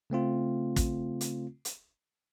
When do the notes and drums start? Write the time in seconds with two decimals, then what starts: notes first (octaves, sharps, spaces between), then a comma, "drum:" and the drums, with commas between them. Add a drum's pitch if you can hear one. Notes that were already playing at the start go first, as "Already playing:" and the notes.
0.10 C#3 A3 C4 F4
0.76 drum: kick, hi-hat
1.21 drum: hi-hat
1.65 drum: hi-hat